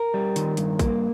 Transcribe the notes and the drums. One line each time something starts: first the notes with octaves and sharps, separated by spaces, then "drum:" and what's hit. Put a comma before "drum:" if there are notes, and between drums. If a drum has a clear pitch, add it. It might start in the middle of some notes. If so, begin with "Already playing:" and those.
Already playing: A#4
G3
D#3, drum: hi-hat
G2, drum: hi-hat
A#3, drum: kick, hi-hat